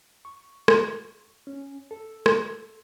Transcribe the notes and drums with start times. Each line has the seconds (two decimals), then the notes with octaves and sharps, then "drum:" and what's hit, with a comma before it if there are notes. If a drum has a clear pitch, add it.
0.25 C#6
0.68 drum: rim click
1.47 C#4
1.91 A4
2.26 drum: rim click